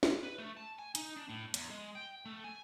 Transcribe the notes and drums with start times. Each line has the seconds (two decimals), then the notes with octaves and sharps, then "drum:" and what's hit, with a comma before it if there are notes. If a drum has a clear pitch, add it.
0.03 drum: snare
0.23 B4
0.38 A3
0.57 A5
0.78 G#5
0.95 D#4, drum: hi-hat
1.16 D4
1.29 A2
1.54 E2, drum: hi-hat
1.70 G#3
1.95 G5
2.26 A3
2.44 G#5